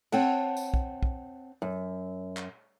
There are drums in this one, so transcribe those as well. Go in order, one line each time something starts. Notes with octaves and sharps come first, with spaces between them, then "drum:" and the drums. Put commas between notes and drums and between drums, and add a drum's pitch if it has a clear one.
C4 C#5 F#5 A5, drum: cymbal
drum: tambourine
drum: kick
drum: kick
F#2
drum: clap